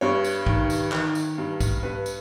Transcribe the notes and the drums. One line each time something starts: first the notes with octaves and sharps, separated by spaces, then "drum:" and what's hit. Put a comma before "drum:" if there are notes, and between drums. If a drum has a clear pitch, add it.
G2 C#5
drum: tambourine
D#3, drum: kick
drum: tambourine
D#3, drum: clap
drum: tambourine
G2
drum: kick, tambourine
G2 B4
drum: tambourine